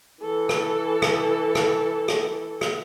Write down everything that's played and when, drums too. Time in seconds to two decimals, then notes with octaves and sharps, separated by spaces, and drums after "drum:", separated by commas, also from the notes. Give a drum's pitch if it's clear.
0.23 E3 A4
0.49 drum: rim click
1.02 drum: rim click
1.55 drum: rim click
2.08 drum: rim click
2.61 drum: rim click